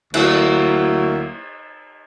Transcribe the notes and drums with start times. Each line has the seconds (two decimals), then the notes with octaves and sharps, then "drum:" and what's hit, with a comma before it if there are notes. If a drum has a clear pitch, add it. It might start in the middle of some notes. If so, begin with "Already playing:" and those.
0.14 D2 F#3 A#3 E4, drum: cymbal